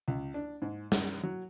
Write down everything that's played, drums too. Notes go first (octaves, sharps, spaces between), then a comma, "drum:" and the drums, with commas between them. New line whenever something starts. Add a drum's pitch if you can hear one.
C#2
D4
G#2
F#2, drum: snare
F#3